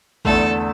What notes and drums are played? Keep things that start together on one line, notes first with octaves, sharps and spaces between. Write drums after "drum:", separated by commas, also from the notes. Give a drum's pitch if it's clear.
E2 D3 A3 A4, drum: kick A1